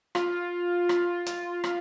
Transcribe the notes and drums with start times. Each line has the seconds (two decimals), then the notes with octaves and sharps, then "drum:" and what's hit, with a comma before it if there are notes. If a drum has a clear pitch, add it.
0.15 F4, drum: rim click
0.89 drum: rim click
1.26 drum: hi-hat
1.64 drum: rim click